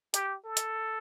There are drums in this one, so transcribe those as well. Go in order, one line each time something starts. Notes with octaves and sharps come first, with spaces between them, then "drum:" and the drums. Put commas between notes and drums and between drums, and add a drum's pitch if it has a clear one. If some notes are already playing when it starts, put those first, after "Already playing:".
G4, drum: hi-hat
A4
drum: hi-hat